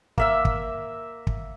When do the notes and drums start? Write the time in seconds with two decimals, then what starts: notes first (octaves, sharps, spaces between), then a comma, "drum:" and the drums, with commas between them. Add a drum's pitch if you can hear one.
0.18 A#3 E5 E6, drum: kick
0.45 drum: kick
1.27 drum: kick